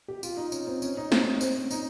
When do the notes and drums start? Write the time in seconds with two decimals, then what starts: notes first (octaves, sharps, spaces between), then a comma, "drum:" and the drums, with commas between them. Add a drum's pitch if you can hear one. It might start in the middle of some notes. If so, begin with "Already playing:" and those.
0.08 G4
0.23 F4, drum: tambourine
0.37 D#4
0.52 C#4, drum: tambourine
0.67 C4
0.82 C#4, drum: tambourine
0.97 D#4
1.12 C4, drum: snare
1.26 C4
1.41 C4, drum: tambourine
1.56 C#4
1.71 D#4, drum: tambourine